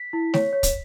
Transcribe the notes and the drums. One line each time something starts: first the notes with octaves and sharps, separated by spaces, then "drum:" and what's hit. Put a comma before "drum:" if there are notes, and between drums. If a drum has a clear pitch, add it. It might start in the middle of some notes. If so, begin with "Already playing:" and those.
Already playing: B6
E4
C#5, drum: snare A3
C#5
drum: kick, hi-hat